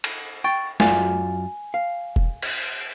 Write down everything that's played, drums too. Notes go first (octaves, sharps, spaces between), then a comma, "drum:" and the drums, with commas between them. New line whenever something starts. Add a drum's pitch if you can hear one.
drum: cymbal
G5 C#6 A6
F#2 F4 D5 G#5, drum: snare
F5
drum: kick E1
drum: cymbal